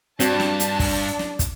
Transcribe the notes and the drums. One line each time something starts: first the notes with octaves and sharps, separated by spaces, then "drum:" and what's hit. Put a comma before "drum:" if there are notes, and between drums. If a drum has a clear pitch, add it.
G2 C4 D4 F#4 A5, drum: hi-hat
drum: snare
drum: hi-hat
drum: kick, open hi-hat
drum: snare
drum: kick, hi-hat